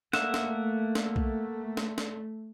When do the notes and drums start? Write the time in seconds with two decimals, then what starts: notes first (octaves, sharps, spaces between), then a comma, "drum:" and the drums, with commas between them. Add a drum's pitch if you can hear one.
0.13 A3 A#3 E5 F#5, drum: snare
0.34 drum: snare
0.95 drum: snare
1.16 drum: kick B1
1.77 drum: snare
1.98 drum: snare